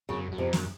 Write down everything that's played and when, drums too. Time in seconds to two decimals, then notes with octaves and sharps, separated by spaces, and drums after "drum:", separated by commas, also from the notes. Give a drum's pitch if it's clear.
0.09 F#2 C#3
0.32 F#2
0.38 F2 C3
0.53 F#2, drum: snare